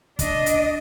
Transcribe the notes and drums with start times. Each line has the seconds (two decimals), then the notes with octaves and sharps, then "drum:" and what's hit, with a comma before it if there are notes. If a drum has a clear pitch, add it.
0.19 D4 D#5, drum: kick, hi-hat
0.46 drum: hi-hat